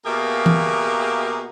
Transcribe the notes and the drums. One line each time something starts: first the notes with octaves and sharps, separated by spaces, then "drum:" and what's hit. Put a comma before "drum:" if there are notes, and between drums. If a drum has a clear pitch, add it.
B2 A#3 G4 G#4 E5 F5
drum: tom E3